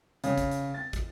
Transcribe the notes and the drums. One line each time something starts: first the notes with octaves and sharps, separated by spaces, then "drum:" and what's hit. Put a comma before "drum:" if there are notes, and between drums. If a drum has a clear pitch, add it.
C#3, drum: hi-hat
drum: kick, hi-hat
drum: hi-hat
A6
drum: kick, hi-hat